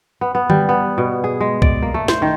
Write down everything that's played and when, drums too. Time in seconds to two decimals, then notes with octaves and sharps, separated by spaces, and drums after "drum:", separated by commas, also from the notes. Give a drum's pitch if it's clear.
0.21 B3
0.35 B3
0.50 G3, drum: tom D3
0.69 B3
0.98 B2
1.24 G#4
1.41 G#3
1.62 D5, drum: kick B1
1.82 A#3
1.94 A3
2.08 C5, drum: snare
2.22 D#3